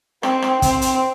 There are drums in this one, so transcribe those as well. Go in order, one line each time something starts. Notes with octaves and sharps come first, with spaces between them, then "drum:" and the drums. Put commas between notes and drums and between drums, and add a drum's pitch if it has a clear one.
C4, drum: rim click
drum: rim click
C4, drum: kick, hi-hat
drum: hi-hat